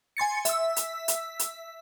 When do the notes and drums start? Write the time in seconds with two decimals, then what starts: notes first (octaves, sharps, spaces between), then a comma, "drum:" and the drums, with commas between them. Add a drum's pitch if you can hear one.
0.17 G#5 C6 A6 C#7
0.45 E5 E6, drum: hi-hat
0.76 drum: hi-hat
1.08 drum: hi-hat
1.39 drum: hi-hat